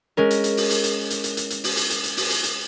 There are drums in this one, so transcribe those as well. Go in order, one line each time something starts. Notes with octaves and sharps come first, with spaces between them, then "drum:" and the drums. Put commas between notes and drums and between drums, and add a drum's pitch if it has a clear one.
G#3 C#4 A#4
drum: hi-hat
drum: hi-hat
drum: open hi-hat
drum: hi-hat
drum: hi-hat
drum: hi-hat
drum: hi-hat
drum: hi-hat
drum: hi-hat
drum: open hi-hat
drum: hi-hat
drum: hi-hat
drum: hi-hat
drum: open hi-hat
drum: hi-hat
drum: hi-hat